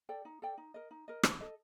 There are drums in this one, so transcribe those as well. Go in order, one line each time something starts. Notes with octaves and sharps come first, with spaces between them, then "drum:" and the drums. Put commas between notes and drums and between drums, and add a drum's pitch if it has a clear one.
A4 D5 G5
D#4
A4 D5 G5
D#4
A#4 D#5
D#4
A#4 D#5
D4, drum: rim click
A4 D#5